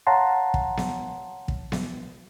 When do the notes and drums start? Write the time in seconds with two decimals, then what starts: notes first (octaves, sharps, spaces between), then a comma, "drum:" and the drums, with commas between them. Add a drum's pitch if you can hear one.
0.07 C#5 F5 F#5 A5 A#5 C6
0.54 drum: kick
0.77 drum: snare B3
1.48 drum: kick
1.72 drum: snare B3